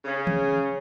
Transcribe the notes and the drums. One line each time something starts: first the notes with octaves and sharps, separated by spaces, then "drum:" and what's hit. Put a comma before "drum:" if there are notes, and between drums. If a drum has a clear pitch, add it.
C#3 C#4
drum: tom D#3